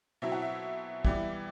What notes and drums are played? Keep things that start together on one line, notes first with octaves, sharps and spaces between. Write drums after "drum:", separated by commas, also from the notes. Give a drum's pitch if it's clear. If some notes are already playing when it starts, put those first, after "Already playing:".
B2 F#3 C4 E4 E5
F#5
E5
E3 G3 B3 E4, drum: kick